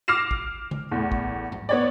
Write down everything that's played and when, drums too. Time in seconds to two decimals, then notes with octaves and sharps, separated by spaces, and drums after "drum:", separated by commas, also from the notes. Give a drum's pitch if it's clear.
0.08 D6 F6 A#6 C7 E7
0.31 drum: kick A1
0.71 drum: tom C#3
0.91 E2 A2
1.12 drum: kick A1
1.52 drum: tom
1.69 B3 C#5 D5